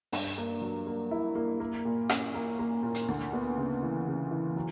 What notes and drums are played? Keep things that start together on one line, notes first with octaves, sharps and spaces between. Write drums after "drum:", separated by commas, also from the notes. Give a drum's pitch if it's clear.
G2, drum: open hi-hat
A#3
F#3
A#3
E4
A#3
A#3
A#2
C#4, drum: rim click
A#3
A#3
A#2
drum: hi-hat
D2
B3
C#3
E3
C#3
E3
F#3